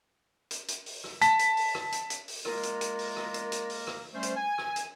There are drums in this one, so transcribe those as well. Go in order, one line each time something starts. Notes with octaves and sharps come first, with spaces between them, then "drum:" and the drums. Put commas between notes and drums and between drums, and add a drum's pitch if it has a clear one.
drum: hi-hat
drum: hi-hat
drum: open hi-hat
drum: rim click
A5 B6, drum: hi-hat
drum: hi-hat
drum: open hi-hat
drum: rim click
drum: hi-hat
drum: hi-hat
drum: open hi-hat
G#3 A#3 F4 A#4, drum: rim click
drum: hi-hat
drum: hi-hat
drum: open hi-hat
drum: rim click
drum: hi-hat
drum: hi-hat
drum: open hi-hat
drum: rim click
G3 A3 C#4 C5
drum: hi-hat
G#5
drum: rim click
drum: hi-hat